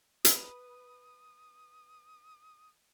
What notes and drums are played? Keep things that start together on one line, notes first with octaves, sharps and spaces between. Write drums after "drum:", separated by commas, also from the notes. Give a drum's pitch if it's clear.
B4 D#6, drum: hi-hat